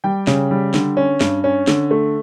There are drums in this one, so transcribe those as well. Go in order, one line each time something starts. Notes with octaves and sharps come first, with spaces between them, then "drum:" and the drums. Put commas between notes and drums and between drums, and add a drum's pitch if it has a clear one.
G3 G5
C#3, drum: snare
G3
D3, drum: snare
C#4
G2, drum: snare
C#4
D3, drum: snare
A3